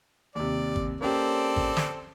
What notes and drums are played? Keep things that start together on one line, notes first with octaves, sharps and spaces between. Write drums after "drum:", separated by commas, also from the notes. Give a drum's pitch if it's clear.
D#2 C3 D5
drum: kick
A#3 C4 C#4 G4 A4 D5
drum: kick
drum: snare